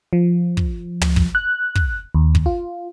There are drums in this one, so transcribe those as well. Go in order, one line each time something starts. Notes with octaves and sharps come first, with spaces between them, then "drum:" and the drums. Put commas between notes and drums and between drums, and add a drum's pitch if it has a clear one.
F3
drum: kick
drum: tom
drum: kick
F#6
drum: kick
D#2
drum: kick
F4